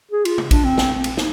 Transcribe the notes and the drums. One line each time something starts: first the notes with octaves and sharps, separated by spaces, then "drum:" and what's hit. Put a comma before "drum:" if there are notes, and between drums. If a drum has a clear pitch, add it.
G#4
F4, drum: cymbal
drum: tom C3
D4, drum: kick A1, cymbal
C4
drum: snare
drum: cymbal
D#4, drum: snare